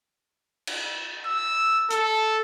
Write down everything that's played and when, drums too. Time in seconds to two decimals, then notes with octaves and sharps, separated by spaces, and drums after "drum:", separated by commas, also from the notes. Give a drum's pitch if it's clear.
0.67 drum: cymbal
1.26 E6
1.90 A4, drum: hi-hat